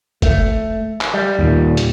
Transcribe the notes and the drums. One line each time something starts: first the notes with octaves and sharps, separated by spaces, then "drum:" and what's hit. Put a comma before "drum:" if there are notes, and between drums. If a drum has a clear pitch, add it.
A3, drum: kick F1, hi-hat
drum: clap
G3
D#2 A#2
drum: hi-hat